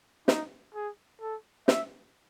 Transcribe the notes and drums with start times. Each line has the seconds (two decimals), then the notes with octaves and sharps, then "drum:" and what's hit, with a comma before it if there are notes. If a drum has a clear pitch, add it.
0.28 D#4, drum: snare
0.75 G#4
1.21 A4
1.68 E5, drum: snare